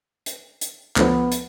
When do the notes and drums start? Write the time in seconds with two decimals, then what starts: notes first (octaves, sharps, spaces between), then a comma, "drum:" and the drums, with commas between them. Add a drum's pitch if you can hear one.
0.26 drum: hi-hat
0.61 drum: hi-hat
0.97 D2 D3 F3 B3, drum: clap
1.32 drum: hi-hat